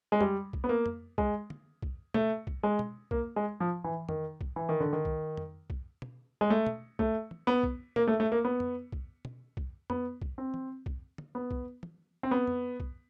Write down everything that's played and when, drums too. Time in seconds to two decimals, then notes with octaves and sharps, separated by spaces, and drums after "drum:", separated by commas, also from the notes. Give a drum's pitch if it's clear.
0.12 G#3
0.21 G3, drum: tom F2
0.53 drum: kick
0.64 B3
0.69 A#3
0.86 drum: tom F2
1.18 G#3, drum: kick
1.50 drum: tom
1.82 drum: kick
2.14 A3, drum: tom B2
2.47 drum: kick
2.63 G#3
2.79 drum: tom B2
3.11 A#3, drum: kick
3.36 G#3
3.60 F3
3.84 E3
4.09 D#3, drum: tom F2
4.41 drum: kick
4.56 E3
4.69 D#3
4.80 D3
4.93 D#3
5.05 drum: kick
5.37 drum: tom F2
5.70 drum: kick
6.02 drum: tom B2
6.41 G#3
6.50 A3
6.67 drum: tom B2
6.99 A3, drum: kick
7.31 drum: tom
7.47 B3
7.63 drum: kick
7.96 A#3, drum: tom B2
8.07 A3
8.20 A3
8.32 A#3
8.45 B3
8.60 drum: tom F2
8.92 drum: kick
9.25 drum: tom B2
9.57 drum: kick
9.90 B3, drum: tom F2
10.22 drum: kick
10.38 C4
10.54 drum: tom
10.86 drum: kick
11.18 drum: tom
11.35 B3
11.51 drum: kick
11.83 drum: tom
12.23 C4
12.31 B3
12.47 drum: tom F2
12.80 drum: kick